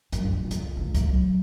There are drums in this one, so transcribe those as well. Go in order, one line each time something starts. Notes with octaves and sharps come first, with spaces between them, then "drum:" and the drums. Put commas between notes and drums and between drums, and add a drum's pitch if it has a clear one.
F#2, drum: hi-hat
A#1 F3
C#2, drum: hi-hat
C#3 G#3
G#3, drum: kick C2, hi-hat
F#3